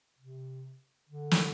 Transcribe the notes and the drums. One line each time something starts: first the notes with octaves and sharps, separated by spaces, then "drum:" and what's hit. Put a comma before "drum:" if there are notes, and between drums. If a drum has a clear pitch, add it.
C3
D3
drum: snare